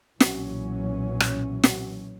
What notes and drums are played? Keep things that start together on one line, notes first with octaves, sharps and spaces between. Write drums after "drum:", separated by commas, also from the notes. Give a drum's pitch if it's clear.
B1 A#2 E3 F#3 C#4, drum: snare
drum: rim click
drum: snare